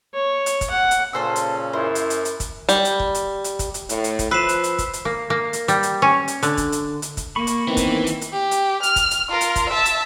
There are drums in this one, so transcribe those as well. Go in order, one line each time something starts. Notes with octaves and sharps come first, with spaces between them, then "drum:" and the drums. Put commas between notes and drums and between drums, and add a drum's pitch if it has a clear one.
C#5
drum: hi-hat
drum: kick, hi-hat
F#5
drum: hi-hat
A#2 C#3 C#4 A4 C5 E6
drum: hi-hat
F#2 E4 C5
drum: hi-hat
drum: hi-hat
drum: hi-hat
drum: kick, hi-hat
G3, drum: hi-hat
drum: hi-hat
drum: kick
drum: hi-hat
drum: hi-hat
drum: kick, hi-hat
drum: hi-hat
A2, drum: hi-hat
drum: hi-hat
drum: kick, hi-hat
F3 B4 E6 F#6 B6 C7 E7
drum: hi-hat
drum: hi-hat
drum: kick, hi-hat
drum: hi-hat
A#3
A#3
drum: hi-hat
G3, drum: hi-hat
drum: hi-hat
C#4
drum: hi-hat
D3, drum: hi-hat
drum: kick, hi-hat
drum: hi-hat
drum: hi-hat
drum: kick, hi-hat
A#3 B5 C#6
drum: hi-hat
D#3 E3 B3 C4
drum: kick, hi-hat
drum: hi-hat
drum: hi-hat
G4
drum: hi-hat
F6, drum: hi-hat
drum: kick, hi-hat
drum: hi-hat
F4 A#4
drum: hi-hat
drum: kick, hi-hat
E5 A5
drum: hi-hat